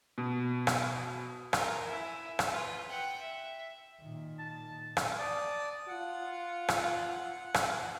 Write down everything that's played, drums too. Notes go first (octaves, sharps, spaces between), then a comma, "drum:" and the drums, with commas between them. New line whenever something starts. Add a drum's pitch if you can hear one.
B2
drum: rim click
F4 A#4, drum: rim click
E4 G#5
drum: rim click
F4 B4
F#5 G5
E5
A#2 D#3
A5
drum: rim click
D5 A5 D#6
F4 F#5
drum: rim click
drum: rim click